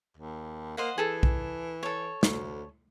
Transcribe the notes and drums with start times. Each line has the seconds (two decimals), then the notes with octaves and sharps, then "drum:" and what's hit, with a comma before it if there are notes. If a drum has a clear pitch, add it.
0.17 D#2
0.77 A#3 C5 D#5 F#5
0.98 E3 G#4 A4 A5
1.23 drum: kick B1
1.83 A4 C#5
2.23 D2, drum: snare